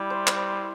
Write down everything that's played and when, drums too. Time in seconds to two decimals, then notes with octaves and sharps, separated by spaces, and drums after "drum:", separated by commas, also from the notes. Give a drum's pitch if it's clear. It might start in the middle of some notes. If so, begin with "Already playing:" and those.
Already playing: G3 E4
0.10 C5
0.27 C5, drum: clap